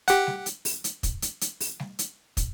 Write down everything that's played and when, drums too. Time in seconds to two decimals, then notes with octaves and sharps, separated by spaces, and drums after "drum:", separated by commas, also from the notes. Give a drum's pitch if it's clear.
0.08 G4 F#5, drum: hi-hat
0.27 drum: snare G3
0.46 drum: hi-hat
0.65 drum: open hi-hat
0.84 drum: hi-hat
1.03 drum: kick, hi-hat
1.22 drum: hi-hat
1.41 drum: hi-hat
1.60 drum: open hi-hat
1.80 drum: snare G3
1.99 drum: hi-hat
2.37 drum: kick, hi-hat